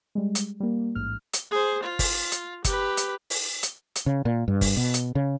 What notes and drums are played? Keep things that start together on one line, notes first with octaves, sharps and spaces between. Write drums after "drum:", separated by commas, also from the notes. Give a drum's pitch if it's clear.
G3 G#3
drum: hi-hat
G3 A#3
A1 G#2 F6
drum: hi-hat
G#4 C5
F4
drum: kick G1, open hi-hat
drum: hi-hat
G4 B4, drum: kick G1, hi-hat
drum: hi-hat
drum: open hi-hat
drum: hi-hat
drum: hi-hat
C#3
A#2
G2
drum: kick G1, open hi-hat
B2
drum: hi-hat
C#3